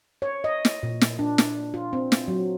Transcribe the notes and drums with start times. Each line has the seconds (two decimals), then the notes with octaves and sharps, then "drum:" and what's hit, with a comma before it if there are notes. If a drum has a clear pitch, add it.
0.22 C#5
0.44 D#5
0.65 drum: snare
0.83 A#2
1.01 drum: snare
1.19 D4
1.38 drum: snare
1.74 F4
1.93 C4
2.12 drum: snare
2.28 F#3